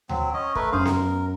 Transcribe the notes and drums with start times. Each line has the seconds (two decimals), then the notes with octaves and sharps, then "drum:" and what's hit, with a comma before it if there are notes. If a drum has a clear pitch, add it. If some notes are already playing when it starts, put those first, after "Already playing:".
0.09 F#3 C4, drum: tom D2
0.34 C#4 D#5
0.55 A3 A#4 B4, drum: kick
0.72 F#2 G#4 C5 F5
0.85 A#4, drum: snare B3